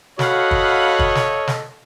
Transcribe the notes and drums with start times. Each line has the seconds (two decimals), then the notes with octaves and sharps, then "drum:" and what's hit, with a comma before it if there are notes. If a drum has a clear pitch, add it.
0.19 F#4 A4 C#5 D#5 F5 F#5 B5, drum: snare
0.51 drum: kick
0.99 drum: kick
1.15 drum: snare
1.47 drum: snare